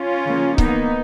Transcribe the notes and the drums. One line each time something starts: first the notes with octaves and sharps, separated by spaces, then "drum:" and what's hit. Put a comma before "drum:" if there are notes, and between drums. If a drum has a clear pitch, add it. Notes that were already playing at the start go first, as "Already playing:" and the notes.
Already playing: C#4 F4
C#3 F3 A#3
D#3 A#3 B3 D#4, drum: kick C#1